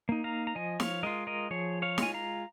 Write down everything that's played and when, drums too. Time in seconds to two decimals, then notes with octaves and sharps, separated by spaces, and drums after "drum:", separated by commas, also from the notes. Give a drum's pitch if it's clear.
0.09 A#3 D#4
0.24 F5 A#5
0.47 A#5
0.55 F3 D#5 G#5
0.80 C#5 F5, drum: snare
1.03 G#3 F4 A#4 D#5
1.27 A#4 D#5
1.51 F3 G#4 C#5
1.82 C#5 F5
1.98 G#3 F4 G#5, drum: snare
2.14 F5 A#5